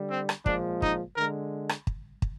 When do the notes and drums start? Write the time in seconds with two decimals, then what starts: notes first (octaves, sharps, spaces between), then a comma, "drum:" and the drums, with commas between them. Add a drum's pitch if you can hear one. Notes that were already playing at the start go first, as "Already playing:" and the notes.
Already playing: D3 G3
0.11 C4
0.29 drum: rim click
0.46 A#2 F3 G#3 D4, drum: kick
0.82 D#4, drum: kick
1.16 D3 G#3 A#4
1.69 drum: rim click
1.87 drum: kick
2.22 drum: kick